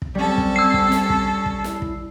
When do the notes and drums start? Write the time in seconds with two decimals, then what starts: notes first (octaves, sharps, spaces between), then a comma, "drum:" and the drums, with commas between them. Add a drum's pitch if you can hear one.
0.02 drum: kick
0.15 G3 C4 C#4 A4
0.38 drum: kick
0.56 E6 C7
0.74 drum: kick
0.92 drum: snare
1.10 drum: kick
1.46 drum: kick
1.64 E4, drum: snare
1.82 drum: kick